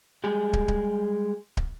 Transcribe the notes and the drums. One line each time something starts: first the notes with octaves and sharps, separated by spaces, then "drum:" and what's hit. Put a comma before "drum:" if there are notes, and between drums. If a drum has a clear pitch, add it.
G3 G#3 G4 G#4
drum: kick
drum: kick
drum: kick